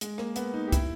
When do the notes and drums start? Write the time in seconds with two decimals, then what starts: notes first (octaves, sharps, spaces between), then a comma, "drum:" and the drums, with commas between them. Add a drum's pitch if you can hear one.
0.01 G#3, drum: hi-hat
0.18 A#3, drum: rim click
0.36 B3, drum: hi-hat
0.54 D#4
0.67 G4
0.72 E4, drum: kick, hi-hat